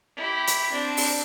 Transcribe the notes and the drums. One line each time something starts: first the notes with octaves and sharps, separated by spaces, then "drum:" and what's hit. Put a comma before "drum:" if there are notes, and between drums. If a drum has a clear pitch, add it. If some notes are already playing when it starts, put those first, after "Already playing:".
E4 G4
drum: hi-hat
C4 D4
drum: open hi-hat